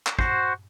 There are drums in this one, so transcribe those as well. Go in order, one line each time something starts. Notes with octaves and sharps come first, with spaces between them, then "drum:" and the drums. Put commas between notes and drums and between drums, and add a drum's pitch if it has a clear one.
drum: clap
F#4 C5, drum: kick